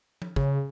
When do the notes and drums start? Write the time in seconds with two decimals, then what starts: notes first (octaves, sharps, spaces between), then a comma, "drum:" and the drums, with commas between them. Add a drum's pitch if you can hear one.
0.22 drum: tom F3
0.36 C#3, drum: kick